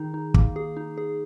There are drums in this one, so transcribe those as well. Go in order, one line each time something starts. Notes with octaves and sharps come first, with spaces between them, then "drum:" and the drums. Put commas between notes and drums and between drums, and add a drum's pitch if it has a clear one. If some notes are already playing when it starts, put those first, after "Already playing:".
Already playing: D#3 D#4 G#4
D#4
A#3, drum: kick
G#4
D#4
G#4